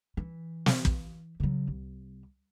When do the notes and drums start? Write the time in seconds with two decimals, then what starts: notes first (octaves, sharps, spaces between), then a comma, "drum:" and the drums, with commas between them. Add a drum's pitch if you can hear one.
0.17 E3
0.66 drum: snare
0.85 drum: kick
1.40 C#3 F#3
1.68 C2